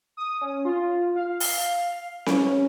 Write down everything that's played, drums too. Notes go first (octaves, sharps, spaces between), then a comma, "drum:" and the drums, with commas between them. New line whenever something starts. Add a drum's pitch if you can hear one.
D#6
C#4
F4
F5
F5, drum: open hi-hat
C#4, drum: snare C4